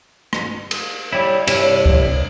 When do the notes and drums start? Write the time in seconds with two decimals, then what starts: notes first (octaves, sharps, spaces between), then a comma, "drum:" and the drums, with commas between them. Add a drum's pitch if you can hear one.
0.33 drum: rim click
0.71 drum: cymbal
1.13 G3 E4 C#5
1.47 G2 C3 E4, drum: cymbal
1.86 drum: kick C#2